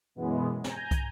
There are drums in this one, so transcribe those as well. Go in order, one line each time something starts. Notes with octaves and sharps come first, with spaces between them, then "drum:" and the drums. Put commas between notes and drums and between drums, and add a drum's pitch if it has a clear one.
F#2 B2 E3 G#3 B3
G#5 A#5 G6, drum: snare
drum: kick, hi-hat